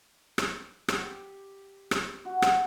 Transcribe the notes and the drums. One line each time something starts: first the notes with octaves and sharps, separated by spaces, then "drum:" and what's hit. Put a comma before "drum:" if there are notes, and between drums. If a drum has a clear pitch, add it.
drum: rim click
G4, drum: rim click
drum: rim click
F#4
drum: rim click